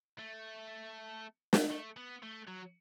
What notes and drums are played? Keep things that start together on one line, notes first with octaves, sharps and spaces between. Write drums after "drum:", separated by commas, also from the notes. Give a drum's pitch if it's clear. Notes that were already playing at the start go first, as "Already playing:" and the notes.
A3
drum: snare
A3
B3
A3
F#3